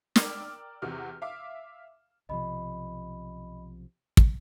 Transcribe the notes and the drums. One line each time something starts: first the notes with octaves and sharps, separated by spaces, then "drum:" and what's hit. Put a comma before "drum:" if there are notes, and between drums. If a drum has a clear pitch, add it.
A#4 D5 G5 D6 E6 F6, drum: snare
E2 C3 F#4 F6
E5 F5 D6
B1 C3 F3 D#5 B5
drum: kick